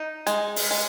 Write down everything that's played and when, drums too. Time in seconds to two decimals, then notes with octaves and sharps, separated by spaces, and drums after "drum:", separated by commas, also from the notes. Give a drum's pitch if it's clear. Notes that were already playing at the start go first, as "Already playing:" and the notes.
Already playing: D#4
0.27 G#3, drum: hi-hat
0.56 drum: open hi-hat
0.71 G#3